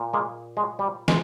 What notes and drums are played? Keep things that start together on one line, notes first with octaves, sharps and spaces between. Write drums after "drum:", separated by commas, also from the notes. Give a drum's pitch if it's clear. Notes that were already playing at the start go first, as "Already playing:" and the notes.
Already playing: A#2
G#3 A#3
G#3
G3
G#3, drum: snare